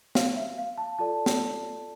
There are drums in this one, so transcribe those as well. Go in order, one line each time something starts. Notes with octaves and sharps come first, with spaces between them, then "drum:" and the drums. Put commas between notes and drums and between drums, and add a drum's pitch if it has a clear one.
F5, drum: snare
E5
F5
A5
F4 A4 D5 A5
drum: snare